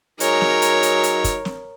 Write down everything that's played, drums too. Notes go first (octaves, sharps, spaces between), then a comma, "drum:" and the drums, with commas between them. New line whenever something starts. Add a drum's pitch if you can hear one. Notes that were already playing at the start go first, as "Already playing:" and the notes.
F#3 D#4 G#4 A#4 C#5, drum: hi-hat
drum: snare
drum: hi-hat
drum: hi-hat
drum: hi-hat
drum: kick, hi-hat
drum: snare